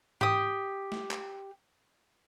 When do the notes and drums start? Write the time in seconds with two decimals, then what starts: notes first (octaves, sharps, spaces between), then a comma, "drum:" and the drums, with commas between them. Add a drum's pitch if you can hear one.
0.21 G4 D#6, drum: tom G#2
0.92 drum: snare
1.11 drum: clap